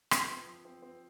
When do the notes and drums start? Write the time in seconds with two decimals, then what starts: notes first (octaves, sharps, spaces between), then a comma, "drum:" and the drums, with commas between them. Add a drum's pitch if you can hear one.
0.11 F3, drum: rim click
0.30 C4
0.47 F3
0.65 C4
0.82 C4